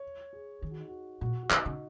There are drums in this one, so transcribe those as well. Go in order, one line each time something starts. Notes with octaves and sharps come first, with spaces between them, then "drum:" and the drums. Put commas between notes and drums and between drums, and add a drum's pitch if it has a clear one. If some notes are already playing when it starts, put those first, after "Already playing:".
Already playing: C#5
G#4
D#3 G#4
F#4
D#4
F#4
A#2 F#4
F#4
D#3 D#4, drum: clap
C#3